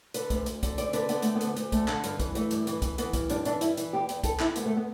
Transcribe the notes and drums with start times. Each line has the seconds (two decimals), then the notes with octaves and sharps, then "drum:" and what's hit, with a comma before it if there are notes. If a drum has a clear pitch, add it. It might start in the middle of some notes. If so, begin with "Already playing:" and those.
0.14 D3 B4, drum: hi-hat
0.30 D2, drum: kick, hi-hat
0.46 D2, drum: hi-hat
0.63 D3, drum: kick, hi-hat
0.78 D2 D5, drum: hi-hat
0.93 D3 B4, drum: hi-hat
1.09 D3 B3, drum: hi-hat
1.22 D2 A3, drum: hi-hat
1.35 B3
1.41 D2, drum: hi-hat
1.56 D2, drum: hi-hat
1.72 D3 A3, drum: kick, hi-hat
1.88 D3, drum: clap
2.04 G2, drum: hi-hat
2.20 E3, drum: kick, hi-hat
2.35 E3 A3, drum: hi-hat
2.51 G2, drum: hi-hat
2.67 E3, drum: hi-hat
2.82 E3, drum: kick, hi-hat
2.98 E3 B3, drum: hi-hat
3.13 G2, drum: kick, hi-hat
3.30 G2 D4, drum: hi-hat
3.45 E3 D4, drum: hi-hat
3.61 G2 E4, drum: hi-hat
3.77 E3, drum: hi-hat
3.93 E2 G4
4.09 E2, drum: hi-hat
4.24 E2 A4, drum: kick, hi-hat
4.39 E2 E4, drum: clap
4.56 D2 B3, drum: hi-hat
4.66 A3
4.76 B3